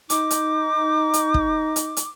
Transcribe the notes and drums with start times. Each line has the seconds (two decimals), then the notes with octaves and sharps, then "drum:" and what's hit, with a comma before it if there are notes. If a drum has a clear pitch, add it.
0.10 D#4 D6, drum: hi-hat
0.30 drum: hi-hat
1.14 drum: hi-hat
1.34 drum: kick
1.76 drum: hi-hat
1.97 drum: hi-hat